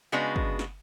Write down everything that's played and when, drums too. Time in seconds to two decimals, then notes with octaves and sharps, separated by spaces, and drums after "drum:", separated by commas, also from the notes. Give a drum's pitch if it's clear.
0.12 C#3 G#3 B3 D4 F#4
0.36 drum: kick
0.59 drum: snare